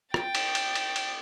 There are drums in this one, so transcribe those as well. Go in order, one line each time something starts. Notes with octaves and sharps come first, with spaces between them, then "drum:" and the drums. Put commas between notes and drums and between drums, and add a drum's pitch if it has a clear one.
G5 A6, drum: rim click
drum: cymbal
drum: cymbal
drum: cymbal
drum: cymbal